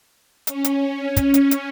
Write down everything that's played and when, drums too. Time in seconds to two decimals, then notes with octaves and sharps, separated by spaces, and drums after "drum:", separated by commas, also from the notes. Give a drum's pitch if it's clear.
0.47 C#4, drum: hi-hat
0.64 drum: hi-hat
1.16 drum: kick, hi-hat
1.34 drum: hi-hat
1.51 drum: hi-hat